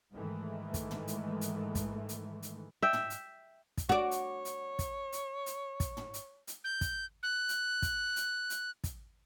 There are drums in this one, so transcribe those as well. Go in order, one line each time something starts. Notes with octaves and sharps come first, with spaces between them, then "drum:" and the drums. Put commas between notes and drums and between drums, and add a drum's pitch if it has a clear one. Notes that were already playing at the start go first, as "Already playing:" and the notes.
G#2 D#3 E3 G#3 A3
drum: kick, hi-hat
drum: tom
drum: hi-hat
drum: hi-hat
drum: kick, hi-hat
drum: hi-hat
drum: hi-hat
E5 G5
drum: tom
drum: hi-hat
drum: kick, hi-hat
F#4 C#5 D5
drum: hi-hat
drum: hi-hat
drum: kick, hi-hat
drum: hi-hat
drum: hi-hat
drum: kick, hi-hat
drum: tom
drum: hi-hat
drum: hi-hat
G6
drum: kick, hi-hat
F#6
drum: hi-hat
drum: kick, hi-hat
drum: hi-hat
drum: hi-hat
drum: kick, hi-hat